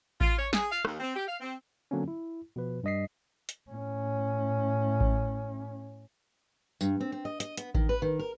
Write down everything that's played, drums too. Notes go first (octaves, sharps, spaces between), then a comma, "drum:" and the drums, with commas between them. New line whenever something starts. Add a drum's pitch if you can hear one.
F4, drum: kick A1
C#5
G#4, drum: snare
F5
D#2, drum: rim click
C4
G4
F5
C4
D3 F#3 A#3 C4 C#4
E4
B2 F3 B4
G2 G3 D#5 B6 C7
drum: hi-hat
A2 C#4
drum: kick A1
G2, drum: tambourine
C4
C4
D#5
D#5, drum: hi-hat
B3, drum: hi-hat
D#3, drum: kick A1
B4
D#3
A#4